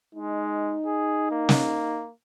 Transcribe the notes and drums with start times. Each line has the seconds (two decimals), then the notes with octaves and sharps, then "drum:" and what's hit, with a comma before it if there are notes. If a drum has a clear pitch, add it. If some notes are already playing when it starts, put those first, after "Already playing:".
0.15 G#3 D#4
0.86 G#4
1.31 A#3
1.49 drum: snare